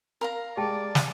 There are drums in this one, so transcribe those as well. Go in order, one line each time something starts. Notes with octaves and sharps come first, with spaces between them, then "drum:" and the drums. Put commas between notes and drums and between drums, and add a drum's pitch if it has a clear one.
A#4 F5 A#5
G#3 G4 D5 G5 A5
drum: snare